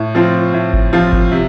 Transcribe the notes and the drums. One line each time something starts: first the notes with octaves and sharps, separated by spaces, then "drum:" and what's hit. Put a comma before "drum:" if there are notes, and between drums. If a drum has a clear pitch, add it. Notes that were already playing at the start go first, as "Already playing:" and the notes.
Already playing: A2
F3 C4 F4
A2
drum: kick G1
F3 C4 F4
drum: kick G1
C3